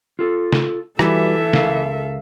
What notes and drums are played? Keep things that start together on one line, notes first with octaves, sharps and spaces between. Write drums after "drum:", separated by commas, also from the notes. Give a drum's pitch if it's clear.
F4 A4
drum: snare
E3 G3 F#4 A4 B4 E5, drum: rim click
C#2 A#4 F5, drum: snare